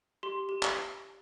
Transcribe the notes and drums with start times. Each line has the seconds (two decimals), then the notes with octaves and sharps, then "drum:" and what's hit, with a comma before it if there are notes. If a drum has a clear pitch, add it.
0.23 G4 C6
0.49 G4
0.63 drum: clap